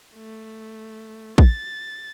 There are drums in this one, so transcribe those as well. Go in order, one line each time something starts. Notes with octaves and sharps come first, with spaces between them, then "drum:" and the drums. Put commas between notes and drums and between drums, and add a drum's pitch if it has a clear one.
A3
A6, drum: kick